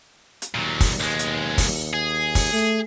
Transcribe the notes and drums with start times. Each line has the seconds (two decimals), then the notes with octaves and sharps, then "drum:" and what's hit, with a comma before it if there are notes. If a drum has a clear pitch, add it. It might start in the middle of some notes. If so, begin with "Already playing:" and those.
0.42 drum: hi-hat
0.55 D#2 A#2 F#3
0.80 drum: kick, open hi-hat
1.00 B1 G#3
1.19 drum: hi-hat
1.58 drum: kick, open hi-hat
1.94 G#4
2.35 drum: kick, open hi-hat
2.53 A3